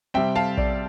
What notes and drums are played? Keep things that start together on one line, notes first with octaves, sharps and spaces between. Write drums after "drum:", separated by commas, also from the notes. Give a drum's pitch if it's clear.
C3 G3 C4 E5 G5
F5 A5
D5, drum: kick A#1